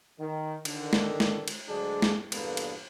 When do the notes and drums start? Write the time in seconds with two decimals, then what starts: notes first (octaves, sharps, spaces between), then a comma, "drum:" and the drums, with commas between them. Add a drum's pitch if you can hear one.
0.20 D#3
0.65 D3 D#3, drum: cymbal
0.93 drum: snare
1.20 drum: snare
1.48 drum: cymbal
1.69 D2 F#3 G#3 D4 G#4
2.02 drum: snare
2.32 E2 G2 A#2 A#3 B3 A4, drum: cymbal
2.57 drum: cymbal